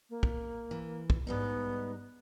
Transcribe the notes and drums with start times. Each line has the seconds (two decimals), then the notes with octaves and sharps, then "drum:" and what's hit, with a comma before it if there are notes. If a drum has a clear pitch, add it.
0.10 A#3
0.23 drum: kick
0.71 E3
1.10 drum: kick
1.27 G#2 G3 B3 D#4